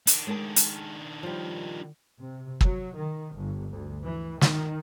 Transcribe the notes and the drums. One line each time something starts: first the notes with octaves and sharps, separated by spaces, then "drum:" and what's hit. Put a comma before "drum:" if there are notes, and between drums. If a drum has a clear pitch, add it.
D#3 D4, drum: hi-hat
G#3 A#4 A5
drum: hi-hat
F3 G3
C3
F#3, drum: kick
D#3
G1
D2
E3
D#3, drum: snare